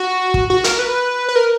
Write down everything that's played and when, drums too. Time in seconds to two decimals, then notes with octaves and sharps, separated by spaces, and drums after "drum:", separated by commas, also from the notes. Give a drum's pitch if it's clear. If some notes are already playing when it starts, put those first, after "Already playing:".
Already playing: F#4
0.34 drum: kick
0.50 F#4
0.64 A#4, drum: hi-hat
0.79 B4
1.28 B4
1.36 A#4